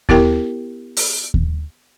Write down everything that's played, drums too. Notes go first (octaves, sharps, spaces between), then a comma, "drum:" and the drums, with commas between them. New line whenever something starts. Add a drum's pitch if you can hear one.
B3 E4 G4 A#4 G5, drum: kick D#2
drum: open hi-hat
drum: kick D#2